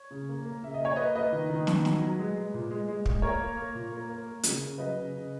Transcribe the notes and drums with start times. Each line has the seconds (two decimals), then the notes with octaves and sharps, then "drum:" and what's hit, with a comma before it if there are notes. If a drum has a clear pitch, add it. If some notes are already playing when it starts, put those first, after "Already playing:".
Already playing: C#5
0.11 C#3
0.29 A#3
0.46 A#3
0.63 C#3 E5
0.74 D#5
0.80 A#3 C#5
0.96 A#3 B4 D#5
1.15 A#3 B4 D#5
1.32 D#3
1.50 D#3
1.67 D#3, drum: snare
1.85 F#3, drum: snare
2.02 F#3
2.19 G#3
2.36 G#3
2.54 A#2
2.71 G#3
2.88 G#3
3.06 G#3, drum: kick
3.22 A#3 A#4 C#5
3.40 A#3
3.57 A#3
3.75 A#2
3.92 A#3
4.10 A#3
4.27 A#3
4.43 C#3, drum: hi-hat
4.61 C#3
4.78 F#3 B4 D#5
4.96 C#3
5.13 C#3